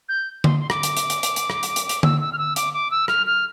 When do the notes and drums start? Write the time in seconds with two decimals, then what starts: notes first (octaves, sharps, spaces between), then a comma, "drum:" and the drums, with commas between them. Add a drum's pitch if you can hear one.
0.09 G6
0.44 C6, drum: tom D3
0.60 C6
0.70 D6, drum: rim click
0.83 drum: hi-hat
0.97 drum: hi-hat
1.10 drum: hi-hat
1.23 drum: hi-hat
1.36 drum: hi-hat
1.50 drum: rim click
1.63 drum: hi-hat
1.76 drum: hi-hat
1.89 drum: hi-hat
2.03 E6, drum: tom D3
2.21 E6
2.33 F6
2.38 E6
2.56 D6, drum: hi-hat
2.74 D6
2.91 E6
3.08 F6, drum: rim click
3.27 F6